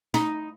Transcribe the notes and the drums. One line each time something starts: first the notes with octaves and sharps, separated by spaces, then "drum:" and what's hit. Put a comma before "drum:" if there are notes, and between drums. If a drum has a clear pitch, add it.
D#4, drum: snare